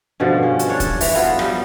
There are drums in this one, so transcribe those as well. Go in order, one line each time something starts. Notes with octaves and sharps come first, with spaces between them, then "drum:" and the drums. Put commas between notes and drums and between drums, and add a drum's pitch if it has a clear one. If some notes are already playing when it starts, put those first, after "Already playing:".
G2 B2 D3 F3
C#4
drum: hi-hat
D4 C#5
drum: kick, hi-hat
E3, drum: open hi-hat
B3 F4 F#4 A4
G3 G5, drum: rim click